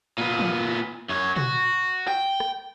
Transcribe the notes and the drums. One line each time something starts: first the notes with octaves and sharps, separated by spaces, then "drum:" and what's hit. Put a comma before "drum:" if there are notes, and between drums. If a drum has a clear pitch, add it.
A#2 B3
drum: tom
F#2 C#5
F#4, drum: tom
G5
drum: rim click